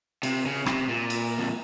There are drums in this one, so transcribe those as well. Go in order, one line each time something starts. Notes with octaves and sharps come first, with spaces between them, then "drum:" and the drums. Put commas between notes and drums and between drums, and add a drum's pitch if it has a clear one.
C3, drum: cymbal
C#3
C3, drum: rim click
A#2
drum: cymbal
F2